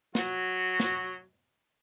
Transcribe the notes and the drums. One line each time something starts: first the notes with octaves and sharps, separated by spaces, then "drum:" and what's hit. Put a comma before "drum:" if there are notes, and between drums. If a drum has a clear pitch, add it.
F#3 F#4, drum: snare
drum: snare